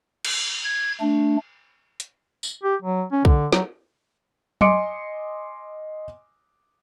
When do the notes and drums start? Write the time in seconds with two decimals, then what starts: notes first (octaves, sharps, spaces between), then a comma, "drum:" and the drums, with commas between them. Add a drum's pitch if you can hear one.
0.25 drum: cymbal
0.64 G#6
1.00 A3 D4
2.00 drum: hi-hat
2.43 drum: tambourine
2.64 G4
2.82 F#3
3.12 C#4
3.25 D3, drum: kick
3.53 F#3, drum: snare
4.61 D#5 G#5 C6 D6 C#7 D7, drum: tom